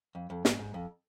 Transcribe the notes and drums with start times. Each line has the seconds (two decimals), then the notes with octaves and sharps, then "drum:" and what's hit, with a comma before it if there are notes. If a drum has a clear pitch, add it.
0.15 F2
0.30 F2
0.45 G#2, drum: snare
0.59 G#2
0.74 F2